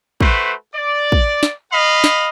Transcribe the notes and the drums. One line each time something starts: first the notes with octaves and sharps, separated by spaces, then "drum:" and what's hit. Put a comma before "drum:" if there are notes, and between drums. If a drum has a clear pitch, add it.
A3 F#4 B4 C5, drum: kick
D5
drum: kick
drum: snare
D#5 F5 B5
drum: snare